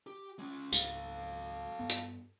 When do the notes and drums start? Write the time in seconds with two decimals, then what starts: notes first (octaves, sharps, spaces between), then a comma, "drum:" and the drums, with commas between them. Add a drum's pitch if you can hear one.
0.07 G4
0.39 G#3 C#4
0.73 C#2 G#2 A4 F5, drum: tambourine
1.79 G2 B3
1.90 drum: hi-hat